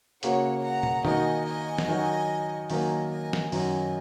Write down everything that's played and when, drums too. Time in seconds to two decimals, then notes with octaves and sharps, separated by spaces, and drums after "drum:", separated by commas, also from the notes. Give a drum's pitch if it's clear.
0.23 C#3 A#3 F#4 C#5 F#5, drum: hi-hat
0.64 F#5 A#5
0.83 drum: tom
1.05 D#3 A#3 D#4 F#4 D#5 G#5, drum: tom B2
1.46 D#5 G#5
1.78 drum: snare
1.88 D#3 F#3 D#4 F#4
2.70 D#3 F#3 A#3 D#5 G#5, drum: open hi-hat
3.11 D#5 G#5
3.33 drum: snare
3.52 F#2 D#3 F#3 D#5 G#5, drum: open hi-hat